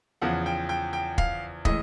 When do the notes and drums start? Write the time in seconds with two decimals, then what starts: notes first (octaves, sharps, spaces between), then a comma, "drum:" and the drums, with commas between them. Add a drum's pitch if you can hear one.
0.22 E2 C#3 F3 F#5
0.46 G5
0.69 G5
0.93 G5
1.18 F5, drum: kick
1.65 A2 E3 G#3 D#5, drum: kick